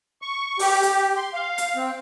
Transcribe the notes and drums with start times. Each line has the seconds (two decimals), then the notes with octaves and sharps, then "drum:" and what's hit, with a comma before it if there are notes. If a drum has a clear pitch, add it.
0.22 C#6
0.59 G4, drum: open hi-hat
0.83 G4, drum: hi-hat
1.17 C6
1.34 F5
1.58 drum: hi-hat
1.76 C4